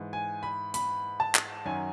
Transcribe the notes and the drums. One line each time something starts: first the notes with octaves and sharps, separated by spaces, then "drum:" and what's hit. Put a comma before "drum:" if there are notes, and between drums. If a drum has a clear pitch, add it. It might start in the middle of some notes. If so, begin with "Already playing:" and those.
Already playing: G#2 E3
G#5
B5
B5, drum: hi-hat
A5
drum: clap
F#2 D#3 F#3 G#5